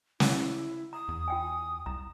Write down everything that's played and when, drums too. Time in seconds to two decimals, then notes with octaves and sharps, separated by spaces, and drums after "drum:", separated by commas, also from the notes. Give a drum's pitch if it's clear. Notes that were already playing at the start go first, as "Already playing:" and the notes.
0.20 E4, drum: snare
0.93 A#5 D#6
1.08 E2
1.28 F4 G5 G#5
1.86 C2 A#5